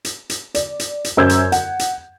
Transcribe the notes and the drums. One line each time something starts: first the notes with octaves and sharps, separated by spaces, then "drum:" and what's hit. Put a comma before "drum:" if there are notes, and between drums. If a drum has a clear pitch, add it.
drum: hi-hat
drum: hi-hat
D5, drum: hi-hat
drum: hi-hat
drum: hi-hat
F#2 C5 E6 G6 G#6
drum: hi-hat
F#5, drum: hi-hat
drum: hi-hat